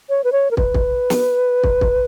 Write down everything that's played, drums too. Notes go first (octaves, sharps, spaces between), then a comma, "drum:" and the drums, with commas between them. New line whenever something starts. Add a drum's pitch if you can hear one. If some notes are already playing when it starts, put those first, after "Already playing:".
C#5
B4
C#5
A#4
B4, drum: kick
drum: kick
drum: snare
drum: kick
drum: kick